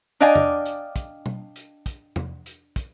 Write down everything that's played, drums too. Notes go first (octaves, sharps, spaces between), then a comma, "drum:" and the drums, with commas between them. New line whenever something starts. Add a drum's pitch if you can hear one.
D4 D5 D#5 F5 G5 G#5
drum: tom
drum: hi-hat
drum: kick, hi-hat
drum: tom B2
drum: hi-hat
drum: kick, hi-hat
drum: tom
drum: hi-hat
drum: kick, hi-hat